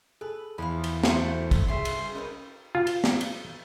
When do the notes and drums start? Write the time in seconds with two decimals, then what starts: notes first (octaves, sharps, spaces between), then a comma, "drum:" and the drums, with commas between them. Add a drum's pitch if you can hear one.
0.21 G#4 A4 B4
0.58 E2 F3 D#5 F5 B5
0.84 drum: cymbal
1.03 A3 F#4 C5 C#6 G#6 C#7, drum: snare
1.51 drum: kick, cymbal
1.68 C2 C#3 E5 G#5 C6 B6
1.85 drum: cymbal
2.15 C#4 D#4 A#4 B4 C#5
2.75 F4
2.87 drum: cymbal
3.04 drum: snare
3.21 drum: cymbal